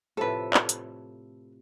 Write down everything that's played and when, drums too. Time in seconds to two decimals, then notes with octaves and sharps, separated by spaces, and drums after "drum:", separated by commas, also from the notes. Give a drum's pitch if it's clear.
0.17 A2 C3 F3 A4 B4
0.54 drum: clap
0.69 drum: hi-hat